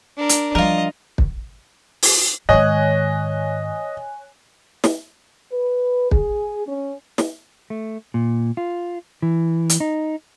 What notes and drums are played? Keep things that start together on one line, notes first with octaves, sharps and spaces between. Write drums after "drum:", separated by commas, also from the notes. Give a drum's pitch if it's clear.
D4 A#4
drum: hi-hat
F3 G3 F4 A#4 D#5
drum: kick
drum: open hi-hat
G#2 D#3 C#5 D#5 G#5 F#6
drum: snare
B4
G#4, drum: kick
C#4
drum: snare
A3
A#2
F4
E3
drum: hi-hat
D#4